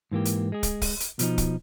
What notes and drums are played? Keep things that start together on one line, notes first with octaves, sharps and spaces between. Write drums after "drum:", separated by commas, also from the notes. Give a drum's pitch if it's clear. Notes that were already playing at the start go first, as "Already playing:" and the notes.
G#2 E3 A#3 G4
drum: hi-hat
G#3 G#4
drum: kick, hi-hat
drum: kick, open hi-hat
drum: hi-hat
B2 F3 D#4, drum: hi-hat
drum: kick, hi-hat